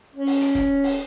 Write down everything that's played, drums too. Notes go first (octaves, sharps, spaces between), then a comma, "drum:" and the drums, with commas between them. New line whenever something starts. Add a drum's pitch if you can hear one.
C#4
drum: open hi-hat
drum: hi-hat
drum: kick, hi-hat
drum: open hi-hat